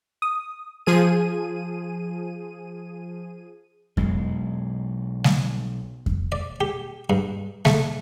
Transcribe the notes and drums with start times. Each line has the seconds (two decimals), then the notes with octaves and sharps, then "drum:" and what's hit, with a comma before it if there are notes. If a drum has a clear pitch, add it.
0.22 D#6
0.86 F3 G#4 D#7
3.97 B1 G#3, drum: kick F2
5.24 drum: snare G3
6.06 drum: kick F2
6.32 D5
6.61 G4
7.10 G2
7.65 A3, drum: snare G3